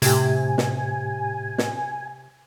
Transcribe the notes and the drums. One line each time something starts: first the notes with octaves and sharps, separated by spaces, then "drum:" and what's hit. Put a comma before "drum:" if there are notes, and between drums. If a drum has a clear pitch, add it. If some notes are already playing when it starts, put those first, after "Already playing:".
A2 C3 G4 G#5, drum: hi-hat
drum: snare
drum: snare